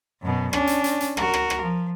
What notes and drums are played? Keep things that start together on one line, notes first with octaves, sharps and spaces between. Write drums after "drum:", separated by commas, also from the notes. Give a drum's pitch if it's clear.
F#2 B2
C#4 D4, drum: rim click
drum: hi-hat
drum: hi-hat
drum: hi-hat
F#4 A#4, drum: rim click
drum: rim click
drum: rim click
F3